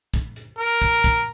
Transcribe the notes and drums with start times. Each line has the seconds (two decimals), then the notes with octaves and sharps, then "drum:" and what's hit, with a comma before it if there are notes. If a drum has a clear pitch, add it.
0.14 drum: kick, hi-hat
0.36 drum: hi-hat
0.59 A#4
0.82 drum: kick, hi-hat
1.04 drum: kick, hi-hat